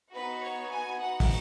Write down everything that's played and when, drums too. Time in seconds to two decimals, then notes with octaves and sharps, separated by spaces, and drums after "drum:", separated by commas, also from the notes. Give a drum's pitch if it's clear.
0.12 B3 D#4 F#4 B4
0.41 C#5
0.69 G#5
0.99 B3 D#4 F#4 F#5
1.20 drum: kick, open hi-hat